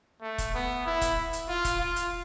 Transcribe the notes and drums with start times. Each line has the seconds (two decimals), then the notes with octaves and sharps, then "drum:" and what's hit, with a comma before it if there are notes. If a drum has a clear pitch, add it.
0.22 A3
0.38 drum: kick E1, hi-hat
0.55 B3
0.86 E4
1.01 drum: kick E1, hi-hat
1.33 drum: hi-hat
1.49 F4
1.65 drum: kick E1, hi-hat
1.80 F4
1.96 drum: hi-hat